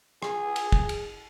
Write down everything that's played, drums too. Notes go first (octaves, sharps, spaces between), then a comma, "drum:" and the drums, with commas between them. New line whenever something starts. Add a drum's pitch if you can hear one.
G#4, drum: rim click
drum: cymbal
drum: kick
drum: cymbal